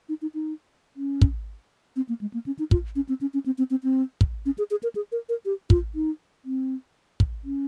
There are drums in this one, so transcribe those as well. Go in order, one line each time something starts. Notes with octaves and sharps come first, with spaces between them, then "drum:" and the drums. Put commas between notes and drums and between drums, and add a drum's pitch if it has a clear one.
D#4
D#4
D#4
C#4
drum: kick
C4
A#3
G#3
A#3
C#4
D#4
F4, drum: kick
C#4
C4
C#4
C#4
C4
C4
C4
C4
drum: kick
C#4
G#4
G#4
A#4
G#4
A#4
A#4
G4
F4, drum: kick
D#4
C4
drum: kick
C#4